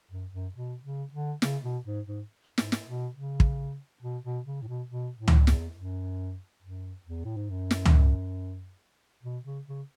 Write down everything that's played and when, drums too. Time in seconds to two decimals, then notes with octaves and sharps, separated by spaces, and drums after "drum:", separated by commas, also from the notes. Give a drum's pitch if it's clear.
0.11 F#2
0.33 F#2
0.55 B2
0.83 C#3
1.13 D3
1.42 C#3, drum: snare
1.63 B2
1.85 G#2
2.07 G#2
2.58 G#2, drum: snare
2.72 drum: snare
2.87 B2
3.16 C#3
3.40 drum: kick
4.02 B2
4.24 B2
4.46 C#3
4.62 A2
4.68 B2
4.89 B2
5.18 A2
5.28 drum: tom C#2
5.47 E2, drum: snare
5.76 F#2
6.63 F#2
7.06 E2
7.24 A2
7.37 G#2
7.50 F#2
7.71 drum: snare
7.85 drum: tom C#2
9.23 B2
9.45 C#3
9.67 C#3